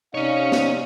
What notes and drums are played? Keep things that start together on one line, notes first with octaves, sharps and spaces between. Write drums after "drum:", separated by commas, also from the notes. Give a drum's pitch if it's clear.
C3 C#4 D#4 C#5 D5 F5
drum: snare